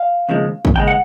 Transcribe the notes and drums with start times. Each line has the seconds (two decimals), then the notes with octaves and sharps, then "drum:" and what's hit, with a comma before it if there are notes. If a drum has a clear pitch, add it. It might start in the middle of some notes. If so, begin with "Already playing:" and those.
Already playing: F5
0.29 D#2 C#3 F3 G#3
0.65 drum: kick
0.75 D#2 C#3 G#3 G5
0.88 F#5